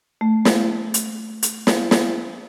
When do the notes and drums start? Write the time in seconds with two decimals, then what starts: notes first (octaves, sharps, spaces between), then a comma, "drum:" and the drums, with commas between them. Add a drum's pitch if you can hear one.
0.21 A3
0.45 drum: snare
0.94 drum: hi-hat
1.43 drum: hi-hat
1.67 drum: snare
1.91 drum: snare